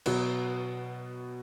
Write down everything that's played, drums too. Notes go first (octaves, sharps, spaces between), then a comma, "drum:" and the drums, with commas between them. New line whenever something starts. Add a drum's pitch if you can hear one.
B2 F#3 B3 F#4, drum: cymbal